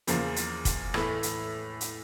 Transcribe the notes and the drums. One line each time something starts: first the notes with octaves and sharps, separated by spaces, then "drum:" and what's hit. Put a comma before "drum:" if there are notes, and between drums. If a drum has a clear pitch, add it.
E2 C#3 F3 A#3, drum: hi-hat
drum: hi-hat
drum: kick F1, hi-hat
A2 E3 A3, drum: rim click
drum: hi-hat
drum: hi-hat